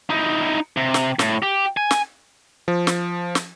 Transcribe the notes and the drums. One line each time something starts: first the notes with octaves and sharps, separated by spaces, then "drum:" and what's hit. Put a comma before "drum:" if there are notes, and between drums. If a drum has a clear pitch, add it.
D#4 E4
C3
drum: snare
A2, drum: snare
G4
G#5
drum: snare
F3
drum: snare
drum: snare